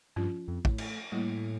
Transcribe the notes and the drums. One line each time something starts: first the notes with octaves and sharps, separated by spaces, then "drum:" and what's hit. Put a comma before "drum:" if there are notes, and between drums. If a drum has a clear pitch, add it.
G2 F3 C#4 F4
F2
A2, drum: kick
drum: cymbal
A2 G3 A#3 E4